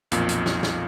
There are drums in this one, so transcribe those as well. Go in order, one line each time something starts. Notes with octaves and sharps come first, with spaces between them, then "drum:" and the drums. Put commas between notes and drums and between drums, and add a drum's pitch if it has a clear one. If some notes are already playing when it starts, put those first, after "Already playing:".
B1 F2 A#2, drum: hi-hat
drum: hi-hat
drum: snare
drum: snare